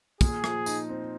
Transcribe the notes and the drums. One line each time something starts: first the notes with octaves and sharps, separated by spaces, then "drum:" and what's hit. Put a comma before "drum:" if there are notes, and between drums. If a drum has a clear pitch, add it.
A#2 G#4, drum: kick, tambourine
F3, drum: rim click
D#4, drum: tambourine
C4